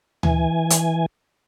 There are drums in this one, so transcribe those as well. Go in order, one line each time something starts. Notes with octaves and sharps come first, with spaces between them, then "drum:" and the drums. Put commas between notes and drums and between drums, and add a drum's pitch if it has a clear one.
E3 G#5, drum: tom D2
drum: hi-hat